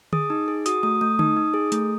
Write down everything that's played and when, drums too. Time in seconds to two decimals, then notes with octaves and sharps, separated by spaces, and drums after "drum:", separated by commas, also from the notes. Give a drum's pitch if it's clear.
0.13 G#4 D#6, drum: tom D3
0.30 D#4
0.48 G#4
0.66 F#4 D#6, drum: hi-hat
0.83 A3 D#6
1.01 A3 D#6
1.19 D#4 D#6, drum: tom D3
1.37 D#4
1.54 G#4
1.72 A3, drum: hi-hat